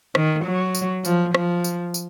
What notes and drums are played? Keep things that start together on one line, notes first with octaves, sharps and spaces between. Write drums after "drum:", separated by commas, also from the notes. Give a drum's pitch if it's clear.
D#3, drum: rim click
F#3
drum: tambourine
F3, drum: tambourine
F3, drum: rim click
drum: tambourine
drum: tambourine